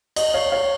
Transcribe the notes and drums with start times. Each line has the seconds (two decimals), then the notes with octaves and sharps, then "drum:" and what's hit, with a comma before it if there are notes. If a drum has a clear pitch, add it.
0.16 D#5, drum: cymbal
0.34 C#5 F5
0.52 C#5 F5